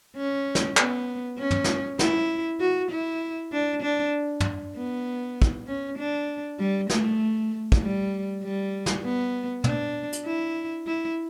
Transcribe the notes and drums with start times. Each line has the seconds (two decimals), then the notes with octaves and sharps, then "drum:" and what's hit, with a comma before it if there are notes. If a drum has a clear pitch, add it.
0.16 C#4
0.55 drum: snare
0.77 B3, drum: clap
1.37 C#4
1.51 drum: tom
1.64 drum: snare
1.99 E4, drum: snare
2.60 F#4
2.91 E4
3.52 D4
3.82 D4
4.40 drum: tom
4.75 B3
5.42 drum: kick
5.67 C#4
5.98 D4
6.59 G3
6.90 A3, drum: snare
7.72 drum: kick
7.81 G3
8.43 G3
8.86 drum: snare
9.04 B3
9.64 D4, drum: tom
10.12 drum: hi-hat
10.25 E4
10.86 E4